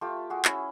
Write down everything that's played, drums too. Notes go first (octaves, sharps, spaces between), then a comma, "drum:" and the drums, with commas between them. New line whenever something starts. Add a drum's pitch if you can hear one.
A3 F4 G4
F#4 G#4
C#4 E4, drum: clap